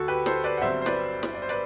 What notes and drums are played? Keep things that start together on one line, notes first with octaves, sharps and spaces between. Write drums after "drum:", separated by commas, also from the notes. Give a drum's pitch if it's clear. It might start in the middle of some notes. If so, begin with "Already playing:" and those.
Already playing: D2 F#4 A4
G4 B4
A4 C5, drum: snare
B4 D5
F#5
G1 G2 F#3 C4 C5 E5
C5
B4 D5, drum: snare
drum: snare
D5
C5
B4 D5, drum: hi-hat